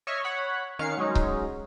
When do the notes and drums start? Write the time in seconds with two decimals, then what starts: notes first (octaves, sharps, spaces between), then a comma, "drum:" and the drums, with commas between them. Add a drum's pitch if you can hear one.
0.07 C#5 D#5 E5 C#6 F6
0.24 C#5 F#5 B5
0.79 D#3 C#4 F5 F6 C#7
0.97 F#3 G#3 C#4 D#4
1.15 drum: kick C#1